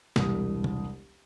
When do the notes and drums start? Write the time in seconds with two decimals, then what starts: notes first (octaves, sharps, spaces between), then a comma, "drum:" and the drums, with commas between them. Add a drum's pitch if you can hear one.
0.16 E1 C2 G3 D#6, drum: snare
0.64 drum: tom C3